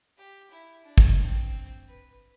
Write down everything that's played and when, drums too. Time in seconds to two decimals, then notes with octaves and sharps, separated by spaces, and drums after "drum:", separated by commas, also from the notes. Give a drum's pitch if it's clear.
0.17 G4
0.51 E4
0.85 D4
0.98 drum: kick
1.19 C4
1.88 B4